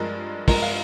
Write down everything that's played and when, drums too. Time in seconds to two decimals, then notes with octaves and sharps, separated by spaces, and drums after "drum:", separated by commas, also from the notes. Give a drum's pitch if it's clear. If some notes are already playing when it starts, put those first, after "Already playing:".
Already playing: G2 F3 G#3 A#4
0.48 G2 F3 G#3 A#4, drum: kick, open hi-hat
0.62 F5